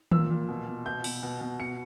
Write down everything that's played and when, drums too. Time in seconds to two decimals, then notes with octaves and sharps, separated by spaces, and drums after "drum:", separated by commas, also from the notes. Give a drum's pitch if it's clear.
0.11 A#2 E6, drum: tom D#3
0.30 A#2
0.49 B2
0.67 B2
0.85 B2 G6
1.04 B2, drum: open hi-hat
1.23 B2
1.41 B2
1.60 B2 C#7